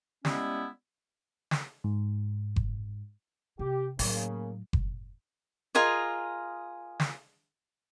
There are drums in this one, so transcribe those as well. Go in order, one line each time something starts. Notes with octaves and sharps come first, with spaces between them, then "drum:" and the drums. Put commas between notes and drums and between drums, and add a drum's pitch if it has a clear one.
G3 G#3 B3 C#4 E4, drum: snare
drum: snare
G#2
drum: kick F#1
C3 G4
A2 C#3 F#3 A#3, drum: open hi-hat
drum: kick F#1
F4 G#4 A#4 D#5
drum: snare